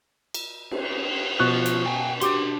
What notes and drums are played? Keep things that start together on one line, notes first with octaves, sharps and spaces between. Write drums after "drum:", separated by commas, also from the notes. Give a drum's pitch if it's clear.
drum: cymbal
drum: cymbal
B2 F4 C5 C#6 F#6
drum: hi-hat
G5 G#5
D4 F#4 G4 C6 D6, drum: hi-hat